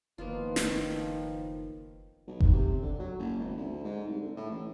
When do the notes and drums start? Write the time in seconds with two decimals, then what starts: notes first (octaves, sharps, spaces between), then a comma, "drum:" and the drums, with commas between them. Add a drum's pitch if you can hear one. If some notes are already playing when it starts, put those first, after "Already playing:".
0.18 F#1 D#3 F3 A#3 B3 F4
0.56 drum: snare
2.27 B1
2.40 drum: kick F#1
2.53 C3
2.83 D3
2.99 F#3
3.19 F#1
3.40 G#1
3.57 D2
3.84 G#2
4.07 C2
4.21 D3
4.36 A2
4.50 A1